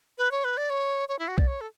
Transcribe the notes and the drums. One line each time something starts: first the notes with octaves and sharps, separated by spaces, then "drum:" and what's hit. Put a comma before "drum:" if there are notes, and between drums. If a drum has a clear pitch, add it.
B4
C#5
B4
D5
C#5
C#5
E4
F#4
D5, drum: kick
C#5
A4